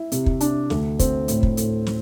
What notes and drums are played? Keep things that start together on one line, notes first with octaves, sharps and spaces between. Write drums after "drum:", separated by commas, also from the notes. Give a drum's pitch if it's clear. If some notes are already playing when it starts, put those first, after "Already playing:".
Already playing: E4
C3, drum: hi-hat
drum: kick
D4, drum: hi-hat
D2, drum: snare
C4, drum: kick, hi-hat
A2, drum: hi-hat
drum: kick
A2, drum: hi-hat
drum: snare